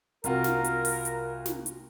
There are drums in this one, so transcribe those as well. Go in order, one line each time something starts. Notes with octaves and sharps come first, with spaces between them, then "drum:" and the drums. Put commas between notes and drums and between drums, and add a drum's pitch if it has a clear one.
C2 F4 F#4 A#4, drum: hi-hat
drum: snare
drum: hi-hat
drum: open hi-hat
drum: hi-hat
drum: snare
drum: hi-hat